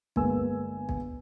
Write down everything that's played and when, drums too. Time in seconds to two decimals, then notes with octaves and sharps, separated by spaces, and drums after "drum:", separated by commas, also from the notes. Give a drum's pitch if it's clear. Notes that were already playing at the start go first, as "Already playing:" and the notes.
0.16 G1 G#3 A#3 B4 G#5 E6, drum: kick B1
0.89 drum: kick B1